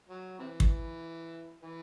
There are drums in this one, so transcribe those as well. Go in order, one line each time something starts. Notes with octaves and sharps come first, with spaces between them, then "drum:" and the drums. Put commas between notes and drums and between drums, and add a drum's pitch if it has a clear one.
F#3
C3 E3
drum: kick
E3